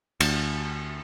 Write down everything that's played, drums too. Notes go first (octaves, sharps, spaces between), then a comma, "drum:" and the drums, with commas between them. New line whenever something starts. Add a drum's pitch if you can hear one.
D2, drum: cymbal